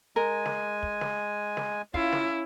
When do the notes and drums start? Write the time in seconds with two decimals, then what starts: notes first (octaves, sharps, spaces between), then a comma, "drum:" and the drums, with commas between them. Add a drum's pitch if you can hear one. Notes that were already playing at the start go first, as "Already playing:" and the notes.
0.16 G#3 A#4 G#5
0.46 drum: snare
0.83 drum: kick
1.01 drum: snare
1.57 drum: snare
1.94 C#4 E4 F4 F5, drum: kick
2.13 drum: snare